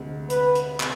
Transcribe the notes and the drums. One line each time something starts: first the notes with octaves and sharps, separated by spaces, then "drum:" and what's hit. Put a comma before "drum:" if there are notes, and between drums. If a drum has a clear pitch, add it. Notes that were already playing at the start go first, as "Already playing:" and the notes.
Already playing: D2 C3 G#3
B4, drum: hi-hat
drum: hi-hat
C3, drum: clap